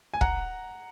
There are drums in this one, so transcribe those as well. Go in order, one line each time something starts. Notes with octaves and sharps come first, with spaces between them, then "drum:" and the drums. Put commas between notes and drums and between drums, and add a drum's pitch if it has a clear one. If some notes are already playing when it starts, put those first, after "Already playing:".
G#5
F#5 A#5, drum: kick